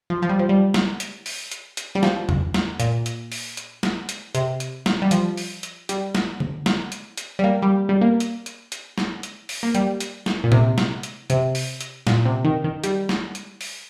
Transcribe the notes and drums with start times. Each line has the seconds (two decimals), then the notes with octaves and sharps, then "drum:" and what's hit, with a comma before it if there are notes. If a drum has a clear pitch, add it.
0.10 F3
0.22 F3
0.29 G3
0.39 F3
0.49 G3
0.74 drum: snare
1.00 drum: hi-hat
1.26 drum: open hi-hat
1.52 drum: hi-hat
1.77 drum: hi-hat
1.95 G3
2.03 F3, drum: snare
2.29 drum: tom E2
2.54 drum: snare
2.80 A#2, drum: hi-hat
3.06 drum: hi-hat
3.32 drum: open hi-hat
3.57 drum: hi-hat
3.83 drum: snare
4.09 drum: hi-hat
4.35 C3, drum: hi-hat
4.60 drum: hi-hat
4.86 drum: snare
5.02 G3
5.11 F3, drum: hi-hat
5.37 drum: open hi-hat
5.63 drum: hi-hat
5.89 G3, drum: hi-hat
6.15 drum: snare
6.40 drum: tom D3
6.66 drum: snare
6.92 drum: hi-hat
7.17 drum: hi-hat
7.39 G3
7.44 A#3
7.62 G3
7.89 G3
8.01 A#3
8.20 drum: hi-hat
8.46 drum: hi-hat
8.72 drum: hi-hat
8.98 drum: snare
9.23 drum: hi-hat
9.49 drum: open hi-hat
9.63 A#3
9.75 G3, drum: hi-hat
10.00 drum: hi-hat
10.26 drum: snare
10.44 A#2
10.52 C3, drum: tom A#2
10.78 drum: snare
11.03 drum: hi-hat
11.30 C3, drum: hi-hat
11.55 drum: open hi-hat
11.81 drum: hi-hat
12.07 A#2, drum: snare
12.25 C3
12.45 D#3
12.64 D#3
12.84 G3, drum: hi-hat
13.09 drum: snare
13.35 drum: hi-hat
13.61 drum: open hi-hat